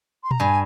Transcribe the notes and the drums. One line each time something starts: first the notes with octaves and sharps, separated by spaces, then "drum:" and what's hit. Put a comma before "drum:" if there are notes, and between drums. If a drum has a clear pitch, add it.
C6
A#5, drum: tom A#2
G2 G#5